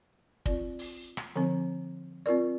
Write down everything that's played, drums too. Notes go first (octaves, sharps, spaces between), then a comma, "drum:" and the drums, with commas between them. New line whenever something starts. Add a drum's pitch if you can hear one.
C4 F4 D5, drum: kick
drum: open hi-hat
drum: rim click
D3 F3 C4
C4 F4 A#4 D5